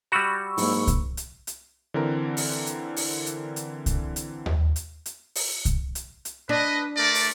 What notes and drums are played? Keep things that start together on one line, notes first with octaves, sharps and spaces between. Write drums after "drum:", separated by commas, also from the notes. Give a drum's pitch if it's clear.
G3 F#4 B5 C#6 E6
G#2 F#3 A#3, drum: open hi-hat
drum: kick C2, hi-hat
drum: hi-hat
drum: hi-hat
D3 E3 C4 A#4
drum: open hi-hat
drum: hi-hat
drum: open hi-hat
drum: hi-hat
drum: hi-hat
drum: kick C2, hi-hat
drum: hi-hat
drum: tom D#2
drum: hi-hat
drum: hi-hat
drum: open hi-hat
drum: kick C2, hi-hat
drum: hi-hat
drum: hi-hat
D4 B4 D#5
A3 A#4 D5
drum: open hi-hat